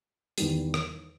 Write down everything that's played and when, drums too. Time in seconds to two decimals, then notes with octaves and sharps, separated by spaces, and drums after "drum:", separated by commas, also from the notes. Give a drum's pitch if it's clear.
0.38 E2 D#3 G3, drum: hi-hat
0.74 drum: rim click